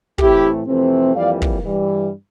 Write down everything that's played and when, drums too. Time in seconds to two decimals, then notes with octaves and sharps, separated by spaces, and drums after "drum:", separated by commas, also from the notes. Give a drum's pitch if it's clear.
0.18 A2 E3 A3 C4 E4 G4, drum: kick
0.66 F2 C3 E3 A3 C4
1.15 F2 E3 G3 A#3 D5 F5
1.42 drum: kick
1.62 G2 E3 G3